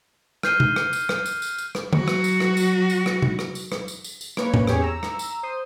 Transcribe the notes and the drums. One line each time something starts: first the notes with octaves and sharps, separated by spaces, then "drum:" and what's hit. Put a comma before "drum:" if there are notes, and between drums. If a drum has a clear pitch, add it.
F6 G6 C7 D#7 G7, drum: rim click
drum: tom C3
drum: rim click
drum: tambourine
drum: rim click
drum: tambourine
drum: tambourine
drum: tambourine
drum: rim click
F#3 F#4, drum: tom D3
drum: rim click
drum: tambourine
drum: rim click
drum: tambourine
drum: tambourine
drum: rim click
drum: tom C3
drum: rim click
drum: tambourine
drum: rim click
drum: tambourine
drum: tambourine
drum: tambourine
A#3 B4 C#5, drum: rim click
drum: tom A2
E2 C#4 G4 G#4 C#5, drum: rim click
A#5 E6
drum: rim click
drum: tambourine
C5 D#6